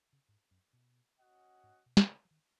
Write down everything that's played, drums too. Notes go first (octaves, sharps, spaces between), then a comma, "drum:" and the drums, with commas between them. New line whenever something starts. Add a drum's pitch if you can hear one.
C#3
G#2
F#2
B2
C#4 F#4 D#5 F#5
G#2
B2
drum: snare
C#3
F#3
D#3